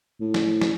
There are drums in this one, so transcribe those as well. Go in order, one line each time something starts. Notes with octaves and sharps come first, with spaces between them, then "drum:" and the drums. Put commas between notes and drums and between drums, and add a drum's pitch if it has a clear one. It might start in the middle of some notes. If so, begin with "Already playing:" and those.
A2
drum: snare
drum: snare